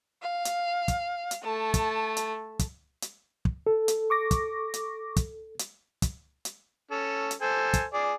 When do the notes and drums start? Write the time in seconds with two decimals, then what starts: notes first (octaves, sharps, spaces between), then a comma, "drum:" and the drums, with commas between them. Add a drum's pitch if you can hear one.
0.22 F5
0.45 drum: hi-hat
0.88 drum: kick, hi-hat
1.31 drum: hi-hat
1.44 A3 A5
1.74 drum: kick, hi-hat
2.17 drum: hi-hat
2.59 drum: kick, hi-hat
3.02 drum: hi-hat
3.45 drum: kick
3.67 A4
3.88 drum: hi-hat
4.10 C#6 D6 A#6
4.31 drum: kick, hi-hat
4.74 drum: hi-hat
5.16 drum: kick, hi-hat
5.59 drum: hi-hat
6.02 drum: kick, hi-hat
6.45 drum: hi-hat
6.91 C#4 A4
7.31 drum: hi-hat
7.42 A4 C5 G#5
7.74 drum: kick, hi-hat
7.94 G#4 D5